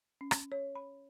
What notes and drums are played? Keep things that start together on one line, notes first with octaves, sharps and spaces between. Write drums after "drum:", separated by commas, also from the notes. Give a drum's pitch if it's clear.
C#4
drum: rim click
C#5
B5